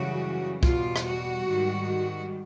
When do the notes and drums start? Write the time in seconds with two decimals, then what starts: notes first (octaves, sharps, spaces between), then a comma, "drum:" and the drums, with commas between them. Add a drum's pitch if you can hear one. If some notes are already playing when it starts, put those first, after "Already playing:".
Already playing: F#2 C#3 E3 G3 F#4
0.63 E2 B2 G3 F4, drum: kick C2
0.96 drum: rim click
1.05 F#4
1.48 G#2 D#3 G3